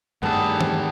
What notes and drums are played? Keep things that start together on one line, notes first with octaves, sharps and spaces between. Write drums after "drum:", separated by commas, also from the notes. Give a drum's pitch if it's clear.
G2 D#3 G3 A3 B3 G#4 A4
drum: tom E3